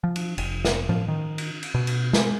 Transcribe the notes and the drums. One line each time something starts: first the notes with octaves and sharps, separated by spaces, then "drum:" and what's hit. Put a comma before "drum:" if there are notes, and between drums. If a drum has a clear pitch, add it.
F3
drum: cymbal
F1, drum: cymbal
drum: snare
F3, drum: tom
D#3
drum: cymbal
drum: cymbal
B2
drum: cymbal
G#3, drum: snare